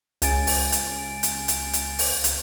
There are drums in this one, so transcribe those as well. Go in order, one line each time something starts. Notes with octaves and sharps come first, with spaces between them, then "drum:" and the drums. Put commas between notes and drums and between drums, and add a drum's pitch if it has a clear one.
C#2 G#5 A6 D7, drum: hi-hat
drum: open hi-hat
drum: hi-hat
drum: hi-hat
drum: hi-hat
drum: hi-hat
drum: open hi-hat
drum: hi-hat